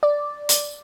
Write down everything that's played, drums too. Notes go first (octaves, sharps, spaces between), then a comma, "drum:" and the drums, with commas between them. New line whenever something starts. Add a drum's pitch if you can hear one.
D5
drum: hi-hat